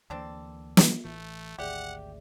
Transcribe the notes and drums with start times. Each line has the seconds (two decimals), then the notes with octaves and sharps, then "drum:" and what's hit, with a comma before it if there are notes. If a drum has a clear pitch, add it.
0.10 D2 E3 A#3 C4 D4 A4
0.77 drum: snare
1.05 A1 E3 A3
1.59 G#1 D2 G4 G#4 D5 E5 F#5